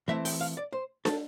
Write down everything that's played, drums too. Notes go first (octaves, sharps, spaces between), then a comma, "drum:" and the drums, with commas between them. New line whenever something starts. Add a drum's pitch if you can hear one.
E3 A3 C4 E4 E5
G5, drum: open hi-hat
F5
D5
C5
A4, drum: snare